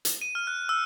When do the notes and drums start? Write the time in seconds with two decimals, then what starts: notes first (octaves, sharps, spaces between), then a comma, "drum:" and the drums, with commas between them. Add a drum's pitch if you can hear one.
0.05 drum: hi-hat
0.21 D#7
0.35 F6
0.47 F#6
0.69 E6